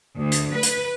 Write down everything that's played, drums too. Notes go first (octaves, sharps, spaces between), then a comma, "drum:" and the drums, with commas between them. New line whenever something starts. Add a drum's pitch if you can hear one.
D2
drum: hi-hat
B4
drum: hi-hat